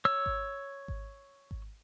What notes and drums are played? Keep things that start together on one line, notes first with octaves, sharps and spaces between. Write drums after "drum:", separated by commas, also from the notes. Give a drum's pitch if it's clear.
C#5 E6
drum: kick G#1
drum: kick G#1
drum: kick G#1